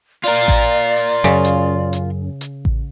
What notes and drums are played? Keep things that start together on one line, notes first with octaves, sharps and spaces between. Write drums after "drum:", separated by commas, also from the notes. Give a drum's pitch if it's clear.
F4 A#4 D5
drum: kick A1, hi-hat
drum: open hi-hat
F#2 C#3
drum: hi-hat
drum: hi-hat
drum: hi-hat
drum: kick A1